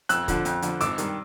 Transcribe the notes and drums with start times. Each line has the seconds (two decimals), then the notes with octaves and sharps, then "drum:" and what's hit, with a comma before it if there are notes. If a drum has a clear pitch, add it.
0.09 F2 E6 F#6, drum: hi-hat
0.28 D3 F3, drum: kick, hi-hat
0.45 F2, drum: hi-hat
0.62 D3 F3, drum: hi-hat
0.80 G#1 D6 E6, drum: hi-hat
0.98 G2 D#3, drum: hi-hat